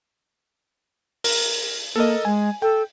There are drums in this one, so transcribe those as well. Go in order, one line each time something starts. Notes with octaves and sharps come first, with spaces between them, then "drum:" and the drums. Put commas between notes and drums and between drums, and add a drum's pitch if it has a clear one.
A#4, drum: open hi-hat
A#3 A4 A#4 D#5
G#3 G#5
A4 G5